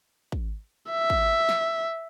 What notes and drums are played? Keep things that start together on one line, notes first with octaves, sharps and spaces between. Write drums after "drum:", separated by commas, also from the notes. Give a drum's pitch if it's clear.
drum: kick
E5
drum: kick
drum: snare